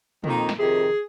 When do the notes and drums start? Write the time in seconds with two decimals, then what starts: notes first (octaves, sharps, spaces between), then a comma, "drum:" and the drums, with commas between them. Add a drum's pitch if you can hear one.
0.24 F2 D#3 A#3 D#4, drum: tom
0.49 drum: snare
0.58 F2 C3 D#3 G#4